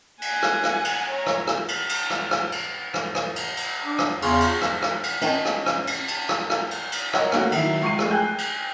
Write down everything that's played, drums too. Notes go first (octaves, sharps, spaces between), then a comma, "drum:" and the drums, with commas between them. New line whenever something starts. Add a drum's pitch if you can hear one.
F#5 G#5, drum: cymbal
drum: rim click
drum: rim click
drum: cymbal
C#5 A#5
drum: rim click
drum: rim click
drum: cymbal
drum: cymbal
drum: rim click
drum: rim click
drum: cymbal
drum: rim click
drum: rim click
drum: cymbal
drum: cymbal
D4
drum: rim click
E2 C#3 F4 C#5 F5, drum: cymbal
drum: cymbal
drum: rim click
drum: rim click
drum: cymbal
C#4 D#5 G5 A5, drum: cymbal
drum: rim click
drum: rim click
drum: cymbal
drum: cymbal
drum: rim click
drum: rim click
drum: cymbal
drum: cymbal
A#4 C#5 D#5 F#5, drum: rim click
A3 A#3 C#4 F#4, drum: rim click
D#3 F#3 E4, drum: cymbal
C#2 C#6 C7 D#7
F1 G#3 D#7, drum: rim click
G5 G#5 F#6 G6
drum: cymbal